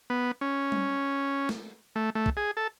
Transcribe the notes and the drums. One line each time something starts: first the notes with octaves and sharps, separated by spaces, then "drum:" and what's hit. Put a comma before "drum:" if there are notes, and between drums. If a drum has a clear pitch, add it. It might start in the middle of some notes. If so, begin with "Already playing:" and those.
B3
C#4
drum: tom G3
drum: snare
A3
A3
drum: kick
G#4
A4